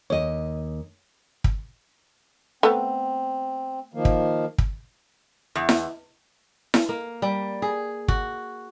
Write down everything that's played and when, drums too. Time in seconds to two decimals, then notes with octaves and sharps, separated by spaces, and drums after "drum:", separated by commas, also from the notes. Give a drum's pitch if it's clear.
0.10 D#2 C#5 D#5
1.44 drum: kick
2.63 A3 B3 C4
3.94 D#3 F3 A#3
4.05 drum: kick
4.58 drum: kick
5.55 E2
5.69 drum: snare E4
6.74 drum: snare E4
6.89 A#3
7.22 G3
7.62 G#4
8.08 F#4, drum: kick